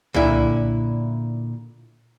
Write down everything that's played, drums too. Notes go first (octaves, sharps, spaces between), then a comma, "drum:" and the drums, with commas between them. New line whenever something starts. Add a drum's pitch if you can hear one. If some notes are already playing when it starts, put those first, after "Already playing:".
A#2 D3 E4, drum: tom C2